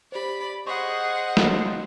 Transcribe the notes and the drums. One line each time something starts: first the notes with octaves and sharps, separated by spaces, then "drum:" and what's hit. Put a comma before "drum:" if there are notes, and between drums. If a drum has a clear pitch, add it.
G4 C5 D5 B5
G#4 C5 D#5 F#5 C#6 D#6
F#4 C#5, drum: snare